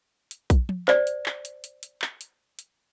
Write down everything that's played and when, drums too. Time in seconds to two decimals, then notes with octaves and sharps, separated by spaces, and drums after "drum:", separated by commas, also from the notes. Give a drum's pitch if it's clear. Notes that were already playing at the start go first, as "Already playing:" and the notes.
0.31 drum: hi-hat
0.50 drum: kick A#1, hi-hat
0.69 drum: tom F3
0.88 C5 D5, drum: clap
1.07 drum: hi-hat
1.26 drum: clap
1.45 drum: hi-hat
1.64 drum: hi-hat
1.83 drum: hi-hat
2.02 drum: clap
2.21 drum: hi-hat
2.59 drum: hi-hat